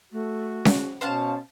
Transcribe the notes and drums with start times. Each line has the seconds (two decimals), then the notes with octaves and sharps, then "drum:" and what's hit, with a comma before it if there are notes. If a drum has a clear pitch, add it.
0.12 A3 F#4
0.65 drum: snare C#4
1.01 B2 C#4 C5 F5 A5